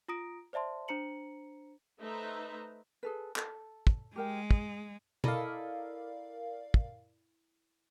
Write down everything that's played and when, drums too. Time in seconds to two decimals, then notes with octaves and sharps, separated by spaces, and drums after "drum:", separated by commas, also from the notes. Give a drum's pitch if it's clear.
0.08 F4 A#5 D#6 A#6 D7
0.53 C5 D5 E5 A5 C6
0.88 D4 C5 A#5 C#7 F#7
2.00 A3 D#4 B4 C5 E5 A#5
3.03 G#4 A4 B4
3.36 A4, drum: clap
3.87 drum: kick
4.16 G#3 G4 A#4 G5
4.51 G#4, drum: kick
5.24 E4 A4 A#4 D5 D#5 F5, drum: tom B2
6.74 drum: kick